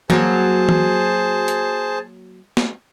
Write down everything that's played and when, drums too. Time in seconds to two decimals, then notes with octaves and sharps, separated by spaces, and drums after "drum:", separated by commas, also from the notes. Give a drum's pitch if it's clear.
0.10 F#3 A#3 G#4 C5 A5, drum: tom E3
0.69 drum: tom E3
1.48 drum: hi-hat
2.57 drum: snare